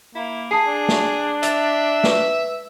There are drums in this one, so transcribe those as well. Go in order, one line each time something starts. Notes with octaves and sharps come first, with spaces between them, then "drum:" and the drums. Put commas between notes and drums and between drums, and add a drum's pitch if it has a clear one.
A#3 E4
G#4 A5 D#6 C7
D4
drum: snare
E5 A6 F7, drum: hi-hat
B4, drum: snare